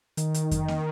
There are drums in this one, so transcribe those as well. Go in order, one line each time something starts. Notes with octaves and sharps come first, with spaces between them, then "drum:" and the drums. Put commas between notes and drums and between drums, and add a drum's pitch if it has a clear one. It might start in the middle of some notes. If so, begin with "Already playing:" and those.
D#3, drum: hi-hat
drum: hi-hat
drum: kick F2, hi-hat
drum: snare A#3